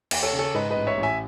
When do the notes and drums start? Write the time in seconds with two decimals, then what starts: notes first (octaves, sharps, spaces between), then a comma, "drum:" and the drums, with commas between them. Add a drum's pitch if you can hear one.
0.11 D#2, drum: cymbal
0.23 A4 C#5
0.33 C#3
0.39 A4 C#5
0.54 G#2 B4 D#5
0.71 B4 D#5
0.76 A1
0.87 C#5 E5
0.98 A1
1.03 E5 G#5